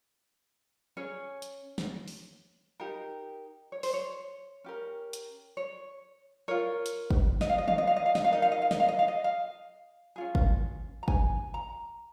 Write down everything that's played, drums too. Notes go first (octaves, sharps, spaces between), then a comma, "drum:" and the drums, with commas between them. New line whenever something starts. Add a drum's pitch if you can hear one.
C#4 G#4 C#5
drum: hi-hat
drum: snare
drum: open hi-hat
D#4 G4 A#4
C#5
C5, drum: open hi-hat
C#5
C#4 G4 A#4
drum: hi-hat
C#5
F4 A#4 C#5
drum: hi-hat
drum: kick
D#5, drum: snare
F5
D#5
F5, drum: tom D#3
D#5
F5
D#5
F5
D#5, drum: snare
F5
D#4 A#4 D#5
F5
D#5
F5
D#5, drum: snare
F5
D#5
F5
D#5
F5
C#4 F4 G#4
drum: kick
A#5
G#5, drum: kick
A#5